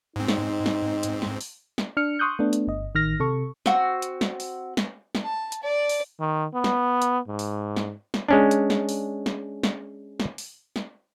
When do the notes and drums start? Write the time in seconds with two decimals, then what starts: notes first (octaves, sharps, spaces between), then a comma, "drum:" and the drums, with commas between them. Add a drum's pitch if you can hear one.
0.16 G#2 C4 D#4
0.28 drum: snare
0.66 drum: snare
1.03 drum: hi-hat
1.22 drum: snare
1.41 drum: open hi-hat
1.78 drum: snare
1.97 D4 F6 C#7
2.19 C6 C#6 D#6 F#6 G6
2.39 A3 B3 D4
2.53 drum: hi-hat
2.67 G1 D#5
2.95 A1 D#3 F6 A#6
3.20 C3 A4 C#6
3.66 C4 F#4, drum: snare
4.02 drum: hi-hat
4.21 drum: snare
4.40 drum: open hi-hat
4.77 drum: snare
5.15 drum: snare
5.24 A5
5.52 drum: hi-hat
5.62 D5
5.89 drum: open hi-hat
6.20 D#3
6.54 B3
6.64 drum: snare
7.02 drum: hi-hat
7.28 G#2
7.39 drum: open hi-hat
7.76 drum: snare
8.14 drum: snare
8.28 G#3 C#4 D4
8.51 drum: hi-hat
8.70 drum: snare
8.89 drum: open hi-hat
9.26 drum: snare
9.63 drum: snare
10.20 drum: snare
10.38 drum: open hi-hat
10.76 drum: snare